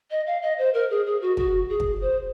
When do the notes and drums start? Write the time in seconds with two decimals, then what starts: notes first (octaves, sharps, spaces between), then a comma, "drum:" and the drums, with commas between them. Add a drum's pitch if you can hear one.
0.11 D#5
0.27 F5
0.42 D#5
0.58 C5
0.74 A#4
0.90 G#4
1.06 G#4
1.22 F#4
1.37 F#4, drum: kick
1.69 G#4
1.80 drum: kick
2.01 C5